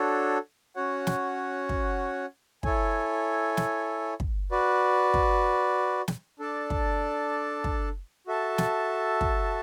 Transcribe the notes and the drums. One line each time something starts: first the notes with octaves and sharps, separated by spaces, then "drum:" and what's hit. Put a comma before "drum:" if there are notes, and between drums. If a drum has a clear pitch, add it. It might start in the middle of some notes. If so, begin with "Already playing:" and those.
Already playing: D4 F#4 A4 C#5
C#4 F#4 C#5 F#5
drum: snare
drum: kick
E4 A4 C#5 G#5, drum: kick
drum: snare
drum: kick
F#4 B4 D5
drum: kick
drum: snare
D4 A4 D5 A5
drum: kick
drum: kick
F#4 A4 E5 A5
drum: snare
drum: kick